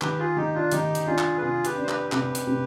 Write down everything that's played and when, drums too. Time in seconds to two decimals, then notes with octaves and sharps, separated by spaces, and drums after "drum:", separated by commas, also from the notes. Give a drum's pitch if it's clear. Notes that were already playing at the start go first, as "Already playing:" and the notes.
0.01 D#3 G4 B4, drum: clap
0.19 F4 G#4
0.36 D#3 D#4 G4
0.54 D4 F4
0.72 D#3 D#4 G4, drum: hi-hat
0.95 drum: hi-hat
1.06 D4 F4 G#4
1.18 drum: clap
1.38 B4
1.41 C3 F4 G#4
1.65 G4 B4, drum: hi-hat
1.77 D4
1.83 C5
1.89 G4 B4, drum: clap
2.12 C3 G4 B4, drum: clap
2.35 drum: hi-hat
2.47 C3